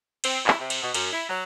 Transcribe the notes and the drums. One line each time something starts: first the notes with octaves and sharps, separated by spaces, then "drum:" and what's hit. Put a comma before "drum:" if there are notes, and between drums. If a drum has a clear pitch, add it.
C4, drum: cymbal
E4, drum: clap
C3
drum: cymbal
B2
F#2, drum: cymbal
E4
F#3